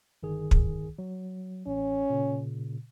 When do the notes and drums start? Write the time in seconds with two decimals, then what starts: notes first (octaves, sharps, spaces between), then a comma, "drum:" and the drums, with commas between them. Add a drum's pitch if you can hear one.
0.23 G1 D#3 G#4
0.51 drum: kick
0.99 F#3
1.67 A1 C#4
2.10 A#2 C#3